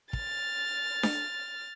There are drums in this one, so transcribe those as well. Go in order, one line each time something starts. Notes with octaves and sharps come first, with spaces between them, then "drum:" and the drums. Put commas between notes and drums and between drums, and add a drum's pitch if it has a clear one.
F6 A6, drum: kick
drum: snare D4